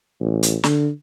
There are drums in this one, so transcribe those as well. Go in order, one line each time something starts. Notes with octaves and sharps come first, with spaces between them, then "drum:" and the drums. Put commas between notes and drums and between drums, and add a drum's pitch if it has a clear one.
A1
drum: hi-hat
D3, drum: snare